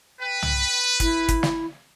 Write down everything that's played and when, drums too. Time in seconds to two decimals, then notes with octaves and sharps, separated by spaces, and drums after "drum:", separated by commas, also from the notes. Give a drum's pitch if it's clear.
0.21 B4 G5
0.43 drum: tom C2
1.00 E4, drum: kick, hi-hat
1.28 drum: kick, hi-hat
1.43 drum: snare